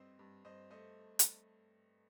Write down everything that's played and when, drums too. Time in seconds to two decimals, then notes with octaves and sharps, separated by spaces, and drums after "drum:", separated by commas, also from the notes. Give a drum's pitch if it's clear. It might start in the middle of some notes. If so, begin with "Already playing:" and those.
Already playing: G2 C4 C5 D#5
0.19 G2
0.45 G2 C5 D#5
0.70 A3 C5 D#5
1.19 drum: hi-hat